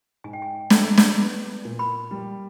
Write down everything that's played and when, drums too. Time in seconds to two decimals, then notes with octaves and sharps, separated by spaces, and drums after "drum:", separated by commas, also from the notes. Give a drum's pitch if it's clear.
0.24 G#2 G#5
0.33 G5
0.42 G#5
0.70 A3 A5, drum: snare
0.97 drum: snare
1.18 B3
1.65 A#2
1.79 B5
2.11 G3